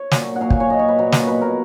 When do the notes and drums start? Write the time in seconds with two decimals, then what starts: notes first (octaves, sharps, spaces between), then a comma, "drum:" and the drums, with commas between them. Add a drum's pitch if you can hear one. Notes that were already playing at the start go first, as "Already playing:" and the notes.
Already playing: C#5
0.11 A#2 F#3, drum: snare
0.36 F#5
0.41 A#2 F#3 F5
0.50 G#5, drum: kick
0.60 C#5
0.70 A#2 F#3 D#5
0.79 C#5
0.88 B4
0.98 A#2 F#3 A#4
1.12 C#5, drum: snare
1.27 B2 F#3 B4
1.42 A#4